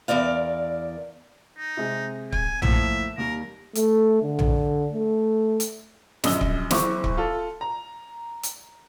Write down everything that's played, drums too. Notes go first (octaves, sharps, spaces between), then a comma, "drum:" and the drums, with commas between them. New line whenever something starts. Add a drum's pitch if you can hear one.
E2 A#4 D5 F5
D#4
C3 G#3
G#5, drum: kick C#1
A2 F3 A#3 E5, drum: tom A#1
D#2 G3 A#4
A3, drum: hi-hat
D3
drum: tom A#1
A3
drum: hi-hat
A#1 F#2 D#5 E6 G7, drum: snare
drum: kick C#1
F#1 C4 E4 C#6 D6, drum: snare
drum: kick C#1
F4 A4
A#5
drum: hi-hat